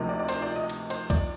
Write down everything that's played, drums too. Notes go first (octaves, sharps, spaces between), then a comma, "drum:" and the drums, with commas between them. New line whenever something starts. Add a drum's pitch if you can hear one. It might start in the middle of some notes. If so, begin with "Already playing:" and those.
Already playing: D2 C3 F3 A#3 D#4
D5
D5
C5, drum: cymbal
D5
D#5
drum: cymbal
C5, drum: cymbal
D5, drum: kick C2, cymbal